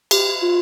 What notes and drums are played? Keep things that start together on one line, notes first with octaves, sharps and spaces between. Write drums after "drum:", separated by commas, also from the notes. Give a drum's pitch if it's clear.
G4, drum: cymbal
F4